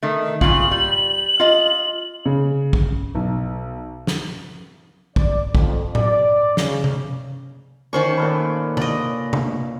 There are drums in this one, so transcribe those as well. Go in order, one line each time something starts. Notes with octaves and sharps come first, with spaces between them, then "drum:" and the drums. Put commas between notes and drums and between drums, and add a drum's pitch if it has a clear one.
D#3 A3
A#2 C#3 F4 F#7, drum: kick
G3
F4 D#5
C#3
drum: kick
B1
drum: snare
D5, drum: kick
F2, drum: kick
D5, drum: tom A2
C#3, drum: snare
drum: tom C3
D#3 C#4 C5 C#6
A#2 A4 B4
D5 D#5, drum: tom C3
drum: tom C3